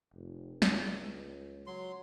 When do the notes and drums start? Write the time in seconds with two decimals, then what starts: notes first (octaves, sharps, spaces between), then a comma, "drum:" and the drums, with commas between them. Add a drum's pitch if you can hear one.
0.14 F1
0.62 C#2, drum: snare
1.67 F#3 C6